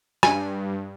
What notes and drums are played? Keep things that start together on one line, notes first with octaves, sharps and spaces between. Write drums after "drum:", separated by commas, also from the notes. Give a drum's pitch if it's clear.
G2 G#5, drum: rim click